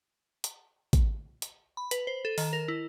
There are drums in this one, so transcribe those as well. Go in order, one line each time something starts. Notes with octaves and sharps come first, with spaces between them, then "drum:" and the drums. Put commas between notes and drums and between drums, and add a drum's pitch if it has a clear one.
drum: hi-hat
drum: kick, hi-hat
drum: hi-hat
B5
B4, drum: hi-hat
C5
A4
D#3, drum: open hi-hat
A#4
E4